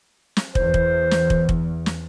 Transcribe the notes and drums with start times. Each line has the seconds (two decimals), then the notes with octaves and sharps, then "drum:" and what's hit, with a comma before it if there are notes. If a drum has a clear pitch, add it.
0.37 drum: snare
0.55 E2 C5, drum: kick
0.74 drum: kick
1.11 drum: snare
1.30 drum: kick
1.49 drum: kick
1.86 drum: snare